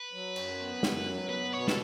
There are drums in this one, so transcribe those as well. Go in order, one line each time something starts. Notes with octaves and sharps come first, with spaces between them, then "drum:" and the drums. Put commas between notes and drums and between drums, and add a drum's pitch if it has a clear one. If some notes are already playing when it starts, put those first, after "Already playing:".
Already playing: B4
F#3
F#2, drum: cymbal
B3
F#2, drum: snare
F#3
B3 B4
B2 C#5
A4, drum: snare